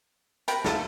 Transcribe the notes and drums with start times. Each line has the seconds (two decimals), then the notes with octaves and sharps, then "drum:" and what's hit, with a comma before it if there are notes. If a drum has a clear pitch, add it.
0.48 C3 A#4 B4 G5 A#5 B5, drum: hi-hat
0.64 D#2 E4 A4 D#5 A5, drum: snare